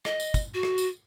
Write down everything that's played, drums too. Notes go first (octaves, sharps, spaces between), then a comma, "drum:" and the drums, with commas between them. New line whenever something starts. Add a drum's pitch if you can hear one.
D#5, drum: rim click
drum: tambourine
drum: kick, tambourine
F#4
drum: rim click
drum: tambourine